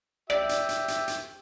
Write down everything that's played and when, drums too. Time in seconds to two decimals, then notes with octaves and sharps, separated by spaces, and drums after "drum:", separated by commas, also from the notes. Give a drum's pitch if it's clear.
0.30 G4 D5 E5, drum: rim click
0.49 drum: hi-hat
0.69 drum: hi-hat
0.88 drum: hi-hat
1.08 drum: hi-hat